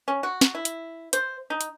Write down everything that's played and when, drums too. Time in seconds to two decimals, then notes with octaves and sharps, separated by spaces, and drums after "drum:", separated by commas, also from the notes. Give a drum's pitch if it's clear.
0.08 C#4
0.23 F#4
0.41 drum: snare
0.55 E4
0.65 drum: hi-hat
1.13 C5, drum: hi-hat
1.50 D#4
1.61 drum: hi-hat